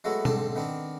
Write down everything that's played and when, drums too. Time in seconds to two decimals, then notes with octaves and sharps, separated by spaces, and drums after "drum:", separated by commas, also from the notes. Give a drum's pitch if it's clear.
0.04 F#3 G#3 A3 B3 E4 F#4
0.25 B1 G#2 D3 C4 D5 A5, drum: tom B2
0.55 D#3 B3 C4 D4